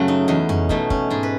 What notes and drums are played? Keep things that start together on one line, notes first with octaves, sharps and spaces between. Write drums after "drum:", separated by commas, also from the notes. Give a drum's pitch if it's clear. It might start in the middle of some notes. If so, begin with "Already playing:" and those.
Already playing: F#2 C#3 F#3 A3 F#4
D#4
E2 D#4
C#4, drum: tom F2
B2 A3 D#4, drum: kick
C#4, drum: kick
G#2 G#4
B4